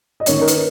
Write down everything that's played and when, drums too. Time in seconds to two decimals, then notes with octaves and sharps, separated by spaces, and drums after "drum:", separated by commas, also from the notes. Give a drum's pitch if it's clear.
0.20 D#5
0.26 D#3 A#3 C#4 C#5, drum: hi-hat
0.41 A#4
0.47 B4, drum: hi-hat